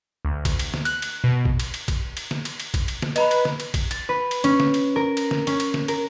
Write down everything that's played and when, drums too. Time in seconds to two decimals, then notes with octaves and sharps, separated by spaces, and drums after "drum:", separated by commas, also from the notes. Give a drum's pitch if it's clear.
0.25 D2
0.45 drum: kick A1, cymbal
0.59 drum: cymbal
0.74 drum: snare
0.85 F#6, drum: cymbal
1.02 drum: cymbal
1.24 B2
1.45 drum: kick A1
1.59 drum: cymbal
1.74 drum: cymbal
1.88 drum: kick A1, cymbal
2.17 drum: cymbal
2.31 drum: snare
2.45 drum: cymbal
2.60 drum: cymbal
2.74 drum: kick A1, cymbal
2.88 drum: cymbal
3.02 drum: snare
3.16 B4 D#5 A#5 B5, drum: cymbal
3.31 drum: cymbal
3.45 drum: snare
3.60 drum: cymbal
3.74 drum: kick A1, cymbal
3.91 A6, drum: cymbal
4.09 B4
4.31 drum: cymbal
4.44 C#4, drum: cymbal
4.60 drum: snare
4.74 drum: cymbal
4.96 A#4
5.17 drum: cymbal
5.31 drum: snare
5.47 C#4, drum: cymbal
5.60 drum: cymbal
5.74 drum: snare
5.88 A#4, drum: cymbal